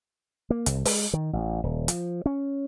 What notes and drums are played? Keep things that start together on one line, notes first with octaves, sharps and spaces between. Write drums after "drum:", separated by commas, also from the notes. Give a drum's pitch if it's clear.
A#3
C2, drum: hi-hat
G#3, drum: open hi-hat
D#3
A1
D#1
F3, drum: hi-hat
C#4